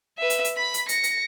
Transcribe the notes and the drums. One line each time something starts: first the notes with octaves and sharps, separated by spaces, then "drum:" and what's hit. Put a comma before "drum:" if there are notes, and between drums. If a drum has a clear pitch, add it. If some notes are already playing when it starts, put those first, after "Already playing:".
B4 E5
drum: hi-hat
drum: hi-hat
B5 B6
drum: hi-hat
A#6 C#7, drum: hi-hat
drum: hi-hat